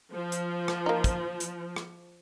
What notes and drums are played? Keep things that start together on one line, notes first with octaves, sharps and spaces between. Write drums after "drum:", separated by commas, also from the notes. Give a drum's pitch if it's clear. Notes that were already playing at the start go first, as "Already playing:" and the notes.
F3
drum: hi-hat
drum: rim click
A#3 D#4
drum: kick, hi-hat
drum: hi-hat
drum: rim click